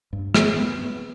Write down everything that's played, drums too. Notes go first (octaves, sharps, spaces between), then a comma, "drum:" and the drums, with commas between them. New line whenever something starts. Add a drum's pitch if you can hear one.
G2
B3, drum: rim click
B3
B3